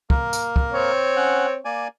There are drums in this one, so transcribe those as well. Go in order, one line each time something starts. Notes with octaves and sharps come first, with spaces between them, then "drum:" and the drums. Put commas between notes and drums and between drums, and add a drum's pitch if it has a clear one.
A#3 A#4, drum: kick
drum: tambourine
drum: kick
C4 C#5
C#4 F#5
A#3 D5 G#5